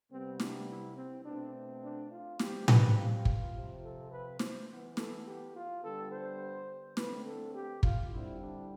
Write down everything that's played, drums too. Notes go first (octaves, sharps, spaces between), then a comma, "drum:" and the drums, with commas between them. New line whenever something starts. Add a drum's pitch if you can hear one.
C3 G3 B3 C4
D4, drum: snare
E4
C4
B2 A3 C4 D4
D4
F4
E3 G3 C4 G4, drum: snare
B4, drum: tom A2
F4
drum: kick
C3 F3 C4
A4
B4
C5, drum: snare
E3 B3
A4, drum: snare
G4
F4
D3 G3 B3 A4
C5
D3 A3 C4 B4, drum: snare
A4
G4
F4, drum: kick
D3 G3 C4 E4
D4